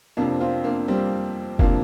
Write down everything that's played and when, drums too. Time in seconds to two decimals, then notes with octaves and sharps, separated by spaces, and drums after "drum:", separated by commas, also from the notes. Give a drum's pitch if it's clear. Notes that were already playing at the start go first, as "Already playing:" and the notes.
0.17 F2 C3 F3 A#3 D4
0.40 C4 F4
0.64 A#3 D4
0.88 G3 C4
1.59 C3 F3 A#3 D4, drum: kick F1